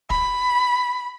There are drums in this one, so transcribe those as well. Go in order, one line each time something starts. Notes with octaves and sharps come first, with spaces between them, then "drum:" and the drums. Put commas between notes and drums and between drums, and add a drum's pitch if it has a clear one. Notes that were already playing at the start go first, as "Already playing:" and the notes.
B5, drum: kick